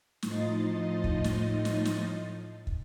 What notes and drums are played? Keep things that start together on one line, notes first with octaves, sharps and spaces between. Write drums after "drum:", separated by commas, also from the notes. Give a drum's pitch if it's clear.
A2 F3 D#4 D#5 C6 A6, drum: snare
drum: kick
drum: snare
drum: snare
drum: snare
drum: kick